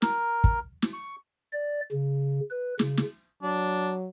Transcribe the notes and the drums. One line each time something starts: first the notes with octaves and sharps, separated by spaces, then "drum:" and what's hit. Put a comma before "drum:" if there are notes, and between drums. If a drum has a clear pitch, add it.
A#4, drum: snare
drum: kick
drum: snare
C#6
D5
C#3
B4
C#3, drum: snare
drum: snare
F#3 D4